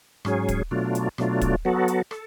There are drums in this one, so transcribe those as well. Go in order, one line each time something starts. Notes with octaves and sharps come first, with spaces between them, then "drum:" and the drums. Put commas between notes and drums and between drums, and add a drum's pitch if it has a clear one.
G#2 F#3 C#4 G#4, drum: rim click
drum: kick, hi-hat
B2 F#3 A3 D4 F4
drum: hi-hat
B2 F#3 A3 D4 F4, drum: rim click
drum: kick, hi-hat
F#3 B3 F#4 A4
drum: hi-hat
A4, drum: rim click